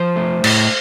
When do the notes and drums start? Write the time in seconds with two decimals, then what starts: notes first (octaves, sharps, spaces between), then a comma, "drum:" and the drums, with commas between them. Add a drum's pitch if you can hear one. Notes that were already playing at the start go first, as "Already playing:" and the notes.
Already playing: F3 C5
0.16 A3
0.44 A2, drum: cymbal